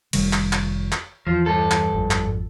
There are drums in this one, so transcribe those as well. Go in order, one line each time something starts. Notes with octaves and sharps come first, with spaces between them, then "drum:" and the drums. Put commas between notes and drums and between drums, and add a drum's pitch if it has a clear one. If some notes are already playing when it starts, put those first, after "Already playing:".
F1 D#3 G3, drum: cymbal
drum: clap
drum: clap
drum: clap
E2 F3
G2 A4
drum: clap
G#1 F2
drum: clap